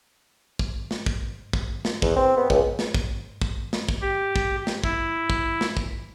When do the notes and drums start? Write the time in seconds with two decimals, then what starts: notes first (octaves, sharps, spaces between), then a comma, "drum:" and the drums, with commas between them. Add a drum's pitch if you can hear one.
0.59 drum: kick
0.91 drum: snare
1.06 drum: kick
1.53 drum: kick
1.85 drum: snare
2.02 E2, drum: kick
2.16 C4
2.37 B3
2.50 C#2, drum: kick
2.79 drum: snare
2.94 drum: kick
3.42 drum: kick
3.73 drum: snare
3.89 drum: kick
4.01 G4
4.36 drum: kick
4.67 drum: snare
4.84 E4, drum: kick
5.30 drum: kick
5.61 drum: snare
5.77 drum: kick